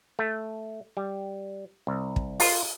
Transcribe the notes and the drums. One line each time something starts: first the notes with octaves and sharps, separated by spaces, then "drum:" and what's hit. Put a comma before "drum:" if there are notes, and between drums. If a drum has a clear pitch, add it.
A3
G3
C2
drum: kick
F4, drum: open hi-hat